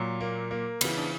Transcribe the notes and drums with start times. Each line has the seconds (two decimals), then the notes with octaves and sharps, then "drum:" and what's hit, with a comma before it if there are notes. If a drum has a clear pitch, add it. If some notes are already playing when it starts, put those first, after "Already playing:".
Already playing: A#2 F#3
0.21 A#3
0.51 A#3
0.81 C#3 E3 B3, drum: cymbal
0.97 D4